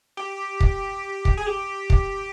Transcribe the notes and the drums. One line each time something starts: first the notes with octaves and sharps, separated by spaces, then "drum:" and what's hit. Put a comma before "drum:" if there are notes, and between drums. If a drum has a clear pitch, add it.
G4
drum: kick
drum: kick
G#4
G4
drum: kick